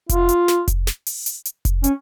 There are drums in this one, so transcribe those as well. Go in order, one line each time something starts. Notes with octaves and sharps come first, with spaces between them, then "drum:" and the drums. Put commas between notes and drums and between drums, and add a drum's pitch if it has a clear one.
F4, drum: kick F1, hi-hat
drum: hi-hat
drum: snare
drum: kick F1, hi-hat
drum: snare
drum: open hi-hat
drum: hi-hat
drum: hi-hat
drum: kick F1, hi-hat
C#4, drum: hi-hat